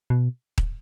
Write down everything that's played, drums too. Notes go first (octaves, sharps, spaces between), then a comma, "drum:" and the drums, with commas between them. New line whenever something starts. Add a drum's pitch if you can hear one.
B2
drum: kick D#1